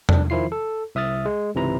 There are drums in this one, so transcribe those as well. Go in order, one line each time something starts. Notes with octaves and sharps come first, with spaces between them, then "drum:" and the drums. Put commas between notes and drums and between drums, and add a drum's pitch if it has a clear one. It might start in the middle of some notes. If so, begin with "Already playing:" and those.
D4, drum: tom E2
D#3 F3 E4 F4 C7
A4
C2 E5 D#6 F6 A6
G#3
C#2 G#2 C3 E3 A#5 B5